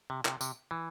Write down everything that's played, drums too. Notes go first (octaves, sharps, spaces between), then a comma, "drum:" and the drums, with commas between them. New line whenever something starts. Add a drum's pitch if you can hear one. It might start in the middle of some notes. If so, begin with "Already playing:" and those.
C3
C3, drum: clap
C3, drum: tambourine
E3